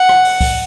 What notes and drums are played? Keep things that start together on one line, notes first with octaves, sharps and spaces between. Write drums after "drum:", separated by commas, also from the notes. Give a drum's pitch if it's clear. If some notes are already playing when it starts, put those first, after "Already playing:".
Already playing: F#5
drum: rim click
drum: open hi-hat
drum: kick, open hi-hat